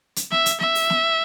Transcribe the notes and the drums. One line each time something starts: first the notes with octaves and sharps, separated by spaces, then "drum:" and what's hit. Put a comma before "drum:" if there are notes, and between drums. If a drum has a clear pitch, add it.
drum: hi-hat
E5, drum: snare
drum: hi-hat
E5, drum: snare
drum: open hi-hat
drum: snare